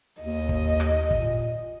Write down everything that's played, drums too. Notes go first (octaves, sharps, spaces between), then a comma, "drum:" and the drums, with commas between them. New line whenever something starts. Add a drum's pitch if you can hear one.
D#2 D#5
drum: kick
drum: rim click
A#2, drum: kick